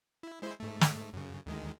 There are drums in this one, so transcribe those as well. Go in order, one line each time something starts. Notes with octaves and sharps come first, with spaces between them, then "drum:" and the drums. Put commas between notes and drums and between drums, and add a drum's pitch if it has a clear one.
E4
G#3 E4 C5
G#2 A3
drum: snare
F#2 C#3
D2 D#3 G#3